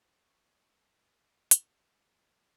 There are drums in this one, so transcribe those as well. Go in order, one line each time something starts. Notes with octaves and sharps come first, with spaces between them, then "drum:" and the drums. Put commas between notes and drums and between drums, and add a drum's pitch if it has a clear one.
C#6 D6 B6
drum: hi-hat